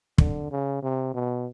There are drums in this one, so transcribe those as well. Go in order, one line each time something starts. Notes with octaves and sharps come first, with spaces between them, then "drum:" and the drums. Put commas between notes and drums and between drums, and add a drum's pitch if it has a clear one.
D3, drum: kick
C#3
C3
B2